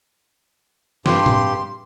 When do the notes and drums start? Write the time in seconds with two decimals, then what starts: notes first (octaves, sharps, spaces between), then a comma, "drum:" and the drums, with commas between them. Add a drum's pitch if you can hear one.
1.06 G2 G4 C6, drum: snare
1.26 drum: tom